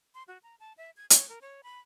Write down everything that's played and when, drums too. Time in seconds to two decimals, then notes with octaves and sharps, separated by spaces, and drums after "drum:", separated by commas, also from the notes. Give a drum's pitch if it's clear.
0.14 C6
0.28 F#4
0.43 A#5
0.60 A5
0.77 E5
0.97 G#6
1.10 C#5, drum: hi-hat
1.29 A#4
1.42 C#5
1.64 B5